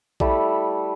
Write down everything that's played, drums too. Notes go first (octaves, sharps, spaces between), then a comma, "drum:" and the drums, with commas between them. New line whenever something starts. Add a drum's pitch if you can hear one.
G3 A3 E4, drum: kick A#1